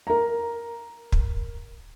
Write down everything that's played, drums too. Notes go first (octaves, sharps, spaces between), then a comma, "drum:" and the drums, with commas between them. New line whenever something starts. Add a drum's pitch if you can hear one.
A#4 A#5
drum: kick